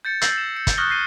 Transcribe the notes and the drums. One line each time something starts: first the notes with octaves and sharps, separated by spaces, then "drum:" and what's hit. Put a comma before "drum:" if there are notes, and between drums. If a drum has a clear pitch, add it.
G6 A6 C#7
E6 G6 A6 A#6 C7 F#7, drum: hi-hat
E7
C#7
drum: kick, hi-hat
C#6 D#6 F6 F#6 A#6 G7
A#6 C7 D#7 G7